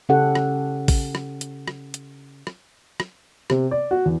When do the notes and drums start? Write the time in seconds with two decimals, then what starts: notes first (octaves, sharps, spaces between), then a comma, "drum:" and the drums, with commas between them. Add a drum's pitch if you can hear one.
0.09 C#3 C#4 E4 G4 A4 F#5
0.35 drum: rim click
0.88 drum: kick A1, open hi-hat
1.15 drum: rim click
1.41 drum: hi-hat
1.68 drum: rim click
1.94 drum: hi-hat
2.47 drum: rim click
3.00 drum: rim click
3.50 C3, drum: rim click
3.71 D5
3.91 F#4
4.05 E2